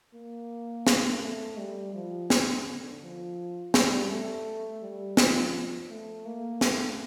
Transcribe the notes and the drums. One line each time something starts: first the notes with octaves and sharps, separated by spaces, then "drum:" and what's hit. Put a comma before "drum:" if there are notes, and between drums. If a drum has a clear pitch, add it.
A#3
drum: snare
A3
G3
F3
drum: snare
D3
F3
G3, drum: snare
A3
G3
F3, drum: snare
A3
A#3
A3, drum: snare